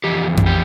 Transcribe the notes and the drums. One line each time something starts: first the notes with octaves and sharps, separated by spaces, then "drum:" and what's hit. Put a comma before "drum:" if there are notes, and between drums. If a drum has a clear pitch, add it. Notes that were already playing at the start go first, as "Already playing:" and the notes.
F2 E3 G4
drum: tom F2
G4